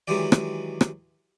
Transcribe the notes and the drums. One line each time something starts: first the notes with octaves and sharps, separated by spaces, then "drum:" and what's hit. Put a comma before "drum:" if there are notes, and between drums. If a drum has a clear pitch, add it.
D#3 E3 F#3 G#3 G4 D5
drum: rim click
drum: rim click